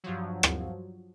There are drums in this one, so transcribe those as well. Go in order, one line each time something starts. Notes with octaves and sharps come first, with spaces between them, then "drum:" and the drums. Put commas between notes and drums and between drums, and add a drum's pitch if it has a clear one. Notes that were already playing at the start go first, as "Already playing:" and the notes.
G2 F3 F#3
drum: rim click